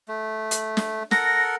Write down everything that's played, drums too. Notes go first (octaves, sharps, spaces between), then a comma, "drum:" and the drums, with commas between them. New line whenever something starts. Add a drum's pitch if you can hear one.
A3
drum: hi-hat
drum: snare
A4 A#4 F#5 A#6, drum: snare